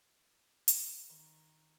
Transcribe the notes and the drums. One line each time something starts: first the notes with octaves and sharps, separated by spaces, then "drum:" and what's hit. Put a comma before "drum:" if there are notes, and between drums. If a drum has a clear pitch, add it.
drum: hi-hat
D#3